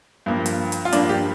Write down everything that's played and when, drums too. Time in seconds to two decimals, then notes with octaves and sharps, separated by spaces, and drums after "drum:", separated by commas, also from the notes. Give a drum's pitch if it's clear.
0.26 G2 F3 A#3
0.46 drum: hi-hat
0.72 drum: hi-hat
0.85 F4
0.93 G2 F3 A#3 D4, drum: hi-hat
1.09 G4